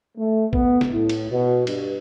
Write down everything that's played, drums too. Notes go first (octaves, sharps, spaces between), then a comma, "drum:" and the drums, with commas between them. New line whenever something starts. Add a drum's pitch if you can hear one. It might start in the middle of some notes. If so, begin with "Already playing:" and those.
A3
B3, drum: kick A1
drum: snare
A2
drum: cymbal
B2
G2, drum: cymbal